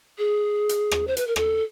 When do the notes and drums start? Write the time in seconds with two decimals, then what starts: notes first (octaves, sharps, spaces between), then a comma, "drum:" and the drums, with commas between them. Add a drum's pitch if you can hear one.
0.18 G#4
0.69 drum: hi-hat
0.91 drum: rim click
1.07 C5
1.17 B4, drum: hi-hat
1.27 A#4
1.36 A4, drum: rim click